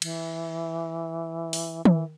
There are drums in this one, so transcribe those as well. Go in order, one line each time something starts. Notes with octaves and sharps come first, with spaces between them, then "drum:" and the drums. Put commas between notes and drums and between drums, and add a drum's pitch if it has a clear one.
E3, drum: cymbal
drum: open hi-hat
E3, drum: tom D#3